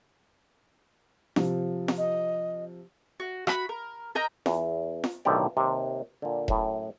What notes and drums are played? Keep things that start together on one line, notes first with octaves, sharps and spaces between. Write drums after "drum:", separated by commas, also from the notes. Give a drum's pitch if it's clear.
C3 F3, drum: snare
drum: snare
D#5
F#4
F#4 B5, drum: rim click
A#4
A#4 D#5 G5 A#5
E2, drum: snare
drum: snare
B1 A2 D3 D#3 G4 D5
D#2 C3
A#2 D3
F#2 A2, drum: kick E1